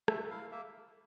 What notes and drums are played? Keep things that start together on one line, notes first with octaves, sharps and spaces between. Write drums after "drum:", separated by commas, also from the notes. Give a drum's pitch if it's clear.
A3 E5, drum: rim click
E4 F5
A#3 E5